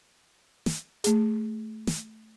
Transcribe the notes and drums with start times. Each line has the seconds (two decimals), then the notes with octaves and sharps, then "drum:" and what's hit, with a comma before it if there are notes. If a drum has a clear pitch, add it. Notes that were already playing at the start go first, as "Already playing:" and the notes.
0.66 drum: snare
1.04 A3 G#4, drum: hi-hat
1.87 drum: snare